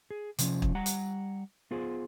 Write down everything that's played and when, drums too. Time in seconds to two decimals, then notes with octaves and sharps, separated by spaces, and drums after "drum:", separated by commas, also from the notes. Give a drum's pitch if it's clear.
0.11 G#4
0.39 C3 F3 C#4, drum: hi-hat
0.62 drum: kick
0.75 G3 F#5 A#5
0.86 drum: hi-hat
1.71 B3 F4 G#4 C5